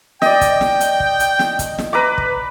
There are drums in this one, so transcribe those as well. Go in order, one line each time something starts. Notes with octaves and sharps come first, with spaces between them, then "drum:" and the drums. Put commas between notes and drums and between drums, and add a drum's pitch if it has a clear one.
D5 D#5 G5, drum: snare
drum: kick, hi-hat
drum: snare
drum: hi-hat
drum: kick
drum: hi-hat
drum: snare
drum: kick, hi-hat
drum: snare
B4 A#5 D6
drum: kick